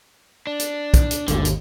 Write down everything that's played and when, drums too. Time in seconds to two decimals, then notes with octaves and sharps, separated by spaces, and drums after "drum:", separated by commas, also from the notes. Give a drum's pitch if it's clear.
0.47 D4
0.60 drum: hi-hat
0.94 drum: kick, hi-hat
1.11 drum: hi-hat
1.28 G#1 D#2 D3, drum: hi-hat
1.45 drum: hi-hat